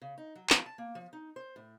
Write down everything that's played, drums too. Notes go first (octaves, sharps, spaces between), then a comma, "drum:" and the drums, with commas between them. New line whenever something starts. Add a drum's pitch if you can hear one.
C#3
D#4
F#3
F3, drum: clap
A5
A#3
F3
D#4
C5
A2